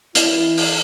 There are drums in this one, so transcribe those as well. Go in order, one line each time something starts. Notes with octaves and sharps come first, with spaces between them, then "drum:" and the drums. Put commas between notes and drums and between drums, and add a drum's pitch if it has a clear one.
E3 E4, drum: hi-hat
drum: open hi-hat